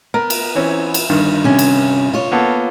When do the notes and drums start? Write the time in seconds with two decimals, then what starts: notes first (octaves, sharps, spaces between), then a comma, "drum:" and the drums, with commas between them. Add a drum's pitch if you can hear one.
0.14 B3 A#4
0.30 drum: cymbal
0.55 E3 C4 C#4
0.94 drum: cymbal
1.09 G1 G2 D#3
1.44 C3 C#4
1.59 drum: cymbal
2.14 F4 C#5
2.32 A#3 B3 A4